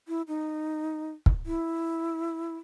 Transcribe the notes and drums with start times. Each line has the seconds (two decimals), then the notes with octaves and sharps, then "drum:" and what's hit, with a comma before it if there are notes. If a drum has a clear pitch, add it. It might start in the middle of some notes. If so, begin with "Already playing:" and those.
0.08 E4
0.28 D#4
1.26 drum: kick
1.46 E4